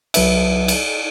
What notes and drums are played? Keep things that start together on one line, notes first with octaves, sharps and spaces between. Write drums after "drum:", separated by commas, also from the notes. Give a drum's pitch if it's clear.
C2 F#3 B4 E5, drum: cymbal
drum: cymbal